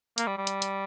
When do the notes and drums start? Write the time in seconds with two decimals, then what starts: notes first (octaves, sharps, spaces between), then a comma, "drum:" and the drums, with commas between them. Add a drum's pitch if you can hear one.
0.18 A#3, drum: hi-hat
0.27 G3
0.38 G3
0.47 drum: hi-hat
0.62 drum: hi-hat